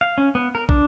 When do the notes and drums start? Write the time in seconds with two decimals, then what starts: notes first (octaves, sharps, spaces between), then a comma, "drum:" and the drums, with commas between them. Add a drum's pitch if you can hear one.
0.01 F5
0.18 C#4
0.35 B3
0.55 A#4
0.69 D4, drum: kick